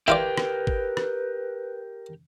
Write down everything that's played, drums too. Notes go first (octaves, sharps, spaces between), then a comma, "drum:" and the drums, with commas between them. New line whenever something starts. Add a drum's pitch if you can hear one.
E4 F4 G4 A#4 B4 D5 G5
drum: rim click
drum: kick G#1
drum: rim click